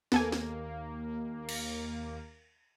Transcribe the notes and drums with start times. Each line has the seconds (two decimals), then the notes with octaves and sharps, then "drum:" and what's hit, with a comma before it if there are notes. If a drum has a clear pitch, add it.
0.12 D#2 A#3 B3 A4 G#5, drum: snare
0.32 drum: snare
1.49 drum: cymbal